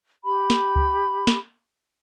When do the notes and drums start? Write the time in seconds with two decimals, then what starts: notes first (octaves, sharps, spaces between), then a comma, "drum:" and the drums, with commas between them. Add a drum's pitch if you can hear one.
0.24 G4 B5
0.50 drum: snare
0.76 drum: kick C#2
1.27 drum: snare